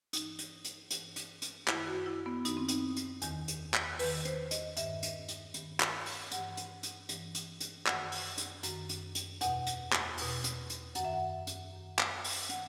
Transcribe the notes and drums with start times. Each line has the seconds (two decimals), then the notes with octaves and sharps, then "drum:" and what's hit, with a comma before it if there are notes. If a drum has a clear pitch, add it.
0.13 G2 E3 D#4, drum: hi-hat
0.39 drum: hi-hat
0.65 drum: hi-hat
0.91 G2 E3, drum: hi-hat
1.16 drum: hi-hat
1.42 drum: hi-hat
1.68 F#2 D#3 E4, drum: clap
1.87 F#4
2.06 E4
2.26 B3
2.45 F#2 D#3 D#4, drum: hi-hat
2.57 C4
2.69 D#4, drum: hi-hat
2.97 drum: hi-hat
3.22 E2 D#3, drum: hi-hat
3.48 drum: hi-hat
3.74 drum: clap
3.99 E2 D#3 B4, drum: open hi-hat
4.25 C5, drum: hi-hat
4.51 D#5, drum: hi-hat
4.77 G2 D#3 E5, drum: hi-hat
5.03 drum: hi-hat
5.28 drum: hi-hat
5.54 G2 D#3, drum: hi-hat
5.80 drum: clap
6.06 drum: open hi-hat
6.32 G2 E3 F#5, drum: hi-hat
6.57 drum: hi-hat
6.83 drum: hi-hat
7.09 G2 E3, drum: hi-hat
7.35 drum: hi-hat
7.60 drum: hi-hat
7.86 F#2 D#3 F#5, drum: clap
8.12 drum: open hi-hat
8.38 drum: hi-hat
8.63 F#2 D#3, drum: hi-hat
8.89 drum: hi-hat
9.15 drum: hi-hat
9.41 E2 B2 F#5, drum: hi-hat
9.67 drum: hi-hat
9.92 drum: clap
10.18 E2 B2, drum: open hi-hat
10.44 drum: hi-hat
10.70 drum: hi-hat
10.95 F#2 D#3 F#5, drum: hi-hat
11.05 E5
11.13 F#5
11.47 drum: hi-hat
11.73 F#2 D#3
11.99 drum: clap
12.24 drum: open hi-hat
12.50 D#3 F#5, drum: hi-hat